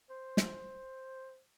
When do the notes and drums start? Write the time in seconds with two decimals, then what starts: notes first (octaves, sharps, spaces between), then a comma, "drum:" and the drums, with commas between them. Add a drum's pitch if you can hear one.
0.10 C5
0.37 drum: snare